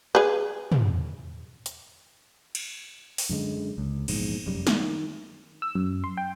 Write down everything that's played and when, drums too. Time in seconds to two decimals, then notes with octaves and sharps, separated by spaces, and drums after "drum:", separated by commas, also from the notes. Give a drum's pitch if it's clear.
0.15 G#4 B4
0.72 drum: tom
1.66 drum: hi-hat
2.55 drum: cymbal
3.18 drum: open hi-hat
3.29 F#2 D3 G#3
3.78 C#2
4.08 A#1 E2 G#2, drum: cymbal
4.46 F1 F#2 G3
4.67 D#3, drum: snare
5.62 E6
5.75 F#2
6.04 C6
6.17 G5